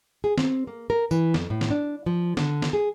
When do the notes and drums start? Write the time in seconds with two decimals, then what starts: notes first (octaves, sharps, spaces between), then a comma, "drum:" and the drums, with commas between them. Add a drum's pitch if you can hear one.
0.24 G#4
0.38 C4, drum: snare
0.67 A#3
0.90 A#4
1.11 E3, drum: tambourine
1.34 F2, drum: snare
1.50 A2
1.61 drum: snare
1.71 D4
2.06 F3
2.37 D3, drum: snare
2.62 drum: snare
2.73 G#4